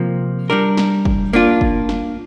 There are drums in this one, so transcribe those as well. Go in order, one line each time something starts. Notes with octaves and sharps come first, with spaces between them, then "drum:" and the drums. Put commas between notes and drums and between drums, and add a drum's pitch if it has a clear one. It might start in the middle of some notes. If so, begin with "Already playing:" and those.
Already playing: C3 F3 A#3
G3 D4 A#4
drum: snare
drum: kick
A#3 D4 F4
drum: kick
drum: snare